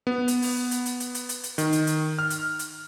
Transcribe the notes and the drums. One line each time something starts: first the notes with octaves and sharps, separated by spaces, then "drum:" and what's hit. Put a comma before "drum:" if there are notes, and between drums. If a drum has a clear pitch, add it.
B3
drum: hi-hat
drum: open hi-hat
drum: hi-hat
drum: hi-hat
drum: hi-hat
drum: hi-hat
drum: hi-hat
drum: hi-hat
D#3, drum: hi-hat
drum: hi-hat
drum: hi-hat
F6
drum: hi-hat
drum: hi-hat